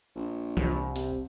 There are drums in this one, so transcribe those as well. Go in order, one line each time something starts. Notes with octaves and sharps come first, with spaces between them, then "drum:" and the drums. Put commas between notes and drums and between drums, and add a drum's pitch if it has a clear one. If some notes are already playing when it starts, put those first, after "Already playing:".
A#1
C2, drum: tom
C3, drum: hi-hat